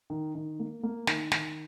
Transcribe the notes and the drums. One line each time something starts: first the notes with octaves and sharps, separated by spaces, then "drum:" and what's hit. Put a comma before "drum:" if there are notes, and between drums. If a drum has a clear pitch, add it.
D#3
D#3
A#3
A#3
D#3, drum: snare
D#3, drum: snare